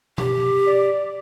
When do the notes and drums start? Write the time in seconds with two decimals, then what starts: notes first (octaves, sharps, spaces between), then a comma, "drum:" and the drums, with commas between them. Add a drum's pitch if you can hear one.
0.18 G4, drum: tom B2
0.67 D5